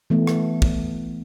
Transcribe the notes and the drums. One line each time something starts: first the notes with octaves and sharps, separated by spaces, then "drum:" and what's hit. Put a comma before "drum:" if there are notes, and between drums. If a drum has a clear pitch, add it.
E3 A3 B3
drum: rim click
drum: kick